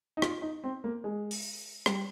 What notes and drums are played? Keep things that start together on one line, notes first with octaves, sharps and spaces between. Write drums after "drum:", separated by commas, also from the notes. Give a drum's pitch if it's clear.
D#4
F4, drum: rim click
D#4
C4
A#3
G#3
drum: open hi-hat
G3, drum: rim click